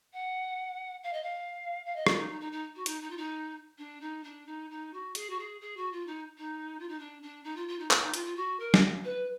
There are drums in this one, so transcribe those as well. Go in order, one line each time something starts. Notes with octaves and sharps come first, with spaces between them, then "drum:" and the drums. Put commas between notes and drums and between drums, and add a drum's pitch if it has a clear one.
F#5
F5
D#5
F5
F5
D#5
F4, drum: rim click
D#4
D#4
D#4
D#4
F#4
D#4, drum: hi-hat
D#4
F4
D#4
D4
D#4
D4
D#4
D#4
F#4
G#4, drum: hi-hat
F#4
G#4
G#4
F#4
F4
D#4
D#4
F4
D#4
D4
D4
D#4
F4
F4
D#4
D4, drum: clap
D#4
F4, drum: hi-hat
F4
F#4
A#4
drum: snare
B4